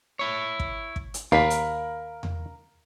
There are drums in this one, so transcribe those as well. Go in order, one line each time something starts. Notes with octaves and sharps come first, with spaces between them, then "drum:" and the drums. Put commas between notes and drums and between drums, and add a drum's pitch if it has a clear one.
E4 C#5
drum: kick
drum: kick
drum: hi-hat
D#2 A#4 F5 B5
drum: hi-hat
drum: tom E2